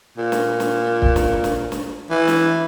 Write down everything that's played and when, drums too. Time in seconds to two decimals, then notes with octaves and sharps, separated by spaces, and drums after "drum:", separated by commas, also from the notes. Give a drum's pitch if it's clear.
0.18 A#2
0.32 drum: snare
0.60 drum: snare
1.02 drum: kick
1.16 drum: snare
1.44 drum: snare
1.72 drum: snare
2.10 E3
2.28 drum: snare